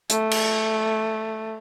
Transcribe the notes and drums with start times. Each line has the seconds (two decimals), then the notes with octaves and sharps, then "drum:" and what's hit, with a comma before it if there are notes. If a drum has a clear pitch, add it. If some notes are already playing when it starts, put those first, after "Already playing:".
0.10 A3, drum: hi-hat
0.31 drum: cymbal